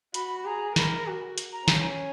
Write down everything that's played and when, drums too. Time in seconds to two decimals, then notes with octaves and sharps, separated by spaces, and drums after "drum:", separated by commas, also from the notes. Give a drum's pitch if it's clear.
0.14 F#4 B5, drum: hi-hat
0.45 G#4 A#5
0.76 A#4 B5, drum: snare
1.07 F#4
1.38 drum: hi-hat
1.53 A#5
1.68 C#4, drum: snare